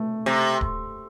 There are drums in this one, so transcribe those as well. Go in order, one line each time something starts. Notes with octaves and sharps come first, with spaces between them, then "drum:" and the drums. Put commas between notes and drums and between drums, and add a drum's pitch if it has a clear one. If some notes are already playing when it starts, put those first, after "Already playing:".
Already playing: A3
C3
drum: kick D1